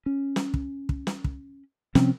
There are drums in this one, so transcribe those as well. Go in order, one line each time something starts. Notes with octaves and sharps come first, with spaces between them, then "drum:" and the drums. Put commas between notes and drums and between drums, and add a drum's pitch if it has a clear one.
C#4
drum: snare
drum: kick
drum: kick
drum: snare
drum: kick
C3 F3 C4 C#4, drum: snare